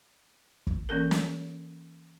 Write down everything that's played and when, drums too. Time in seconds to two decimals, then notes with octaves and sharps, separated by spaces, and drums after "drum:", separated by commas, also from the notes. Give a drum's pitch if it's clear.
0.67 drum: kick
0.89 E3 A#3 C#4 A4 A#4
1.11 drum: snare